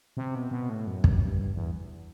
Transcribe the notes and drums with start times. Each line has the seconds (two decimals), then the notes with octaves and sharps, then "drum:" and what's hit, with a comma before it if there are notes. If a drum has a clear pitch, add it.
0.17 C3
0.35 B2
0.51 B2
0.69 A2
0.87 F#2
1.04 G2, drum: kick
1.14 F#2
1.24 G2
1.55 E2